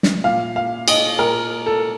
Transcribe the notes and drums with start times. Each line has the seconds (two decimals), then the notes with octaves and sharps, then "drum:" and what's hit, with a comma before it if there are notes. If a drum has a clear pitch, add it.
0.03 drum: snare
0.24 A#2 F5
0.56 F5
0.88 D#5, drum: cymbal
1.19 A#2 A#4
1.66 A4